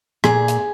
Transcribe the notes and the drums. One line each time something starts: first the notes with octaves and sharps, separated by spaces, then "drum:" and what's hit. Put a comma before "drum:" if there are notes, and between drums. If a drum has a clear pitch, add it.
A#2 G#4, drum: rim click
drum: hi-hat